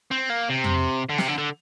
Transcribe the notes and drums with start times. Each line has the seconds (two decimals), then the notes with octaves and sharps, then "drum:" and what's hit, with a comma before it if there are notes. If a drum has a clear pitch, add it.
0.11 C4
0.30 A#3
0.50 C3
0.64 drum: tom F2
1.09 D3
1.18 C3, drum: snare
1.28 D3
1.38 D3